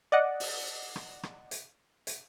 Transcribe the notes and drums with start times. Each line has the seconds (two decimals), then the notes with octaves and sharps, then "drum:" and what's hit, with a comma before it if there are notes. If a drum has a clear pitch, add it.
0.12 D5 D#5 F#5
0.40 drum: open hi-hat
0.96 drum: rim click
1.23 drum: rim click
1.51 drum: hi-hat
2.07 drum: hi-hat